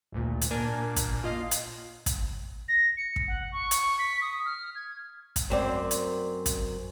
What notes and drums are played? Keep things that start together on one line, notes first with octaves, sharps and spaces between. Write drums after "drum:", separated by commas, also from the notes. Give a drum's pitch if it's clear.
G#1 D2 A#2
drum: hi-hat
A#2 D4 A#4 G#5
drum: kick, hi-hat
F4 D#5 F5
drum: hi-hat
drum: kick, hi-hat
A#6
C#7
drum: kick
F#5
C#6
drum: hi-hat
B6
D#6
F6
G#6
drum: kick, hi-hat
F#2 C4 D5
drum: hi-hat
drum: kick, hi-hat